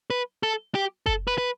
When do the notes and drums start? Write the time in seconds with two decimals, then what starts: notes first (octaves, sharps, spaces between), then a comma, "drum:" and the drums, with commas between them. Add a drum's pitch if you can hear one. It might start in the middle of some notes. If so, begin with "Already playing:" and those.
0.10 B4
0.43 A4
0.75 G4
1.06 A4, drum: kick F#1
1.27 B4
1.38 B4